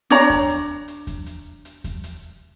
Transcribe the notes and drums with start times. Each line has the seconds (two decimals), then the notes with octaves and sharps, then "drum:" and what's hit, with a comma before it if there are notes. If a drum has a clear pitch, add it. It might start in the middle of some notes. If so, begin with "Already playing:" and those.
0.10 D4 C#5 A#5, drum: hi-hat
0.30 drum: kick E2, hi-hat
0.49 drum: hi-hat
0.88 drum: hi-hat
1.07 drum: kick E2, hi-hat
1.26 drum: hi-hat
1.65 drum: hi-hat
1.84 drum: kick E2, hi-hat
2.04 drum: hi-hat